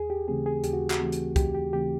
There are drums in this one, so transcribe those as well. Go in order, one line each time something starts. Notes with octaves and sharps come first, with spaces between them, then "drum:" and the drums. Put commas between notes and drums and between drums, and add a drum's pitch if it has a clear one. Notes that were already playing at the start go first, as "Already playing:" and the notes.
Already playing: D#2 G#4
G4
C#3 E3 A3 C4 G#4
G#4
D#2 G4, drum: hi-hat
F#4
F#4, drum: clap
C#3 E3 A3 C4
drum: hi-hat
D#2 G4, drum: kick C2, hi-hat
G4
C#3 E3 A3 C4 G4